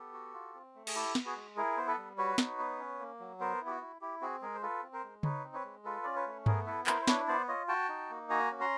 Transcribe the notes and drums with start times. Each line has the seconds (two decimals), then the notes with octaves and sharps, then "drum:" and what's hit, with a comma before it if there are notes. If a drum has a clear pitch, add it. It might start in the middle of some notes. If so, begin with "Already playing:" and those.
Already playing: B3 G4 A4
0.13 F#4
0.34 F4
0.55 C4
0.75 A3
0.87 G#4, drum: cymbal
0.95 E4 G4 A4
1.15 B3, drum: snare
1.25 F#4 G#4
1.36 G#3
1.56 E4 G#4 A#4
1.77 B3 C5
1.87 A4 B4
1.98 G3
2.18 F#4 B4 C#5
2.38 D#4, drum: snare
2.59 B3
2.79 C#4
2.99 A#3
3.20 F#3
3.40 B3 A#4 C5
3.61 E4
3.66 G4
3.71 F#4
3.81 E4
4.01 E4 G4
4.21 C4 F#4 G#4
4.42 G#3 G#4 A#4
4.54 C5
4.62 F4 A4 B4
4.83 C4
4.93 A#4 C5
5.04 G#3
5.23 D#4 B4 C#5, drum: tom C#3
5.44 C4
5.54 B4 C#5
5.64 G#3
5.85 F4 A4 B4
6.04 C#4 D5
6.15 B4 C#5
6.26 A3
6.46 B3 G#4 A#4, drum: tom G2
6.66 E4 A4 B4
6.87 E4 A#4 C5, drum: clap
7.02 C5
7.07 D4 B4 C#5, drum: snare
7.28 B3 C5 D5
7.48 F4 C#5 D#5
7.68 F#4 G5 A5
7.89 D#4
8.10 A#3
8.30 F#4 G#5 A#5
8.51 C#4
8.60 A#5 C6